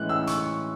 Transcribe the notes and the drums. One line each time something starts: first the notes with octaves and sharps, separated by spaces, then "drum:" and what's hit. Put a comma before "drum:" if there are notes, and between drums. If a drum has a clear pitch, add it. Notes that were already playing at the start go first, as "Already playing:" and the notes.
Already playing: A2 E3 G#3 C#4 F#6
E6
C#6, drum: hi-hat